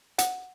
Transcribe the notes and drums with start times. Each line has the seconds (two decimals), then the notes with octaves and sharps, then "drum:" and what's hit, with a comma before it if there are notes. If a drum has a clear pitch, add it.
0.18 F#5, drum: hi-hat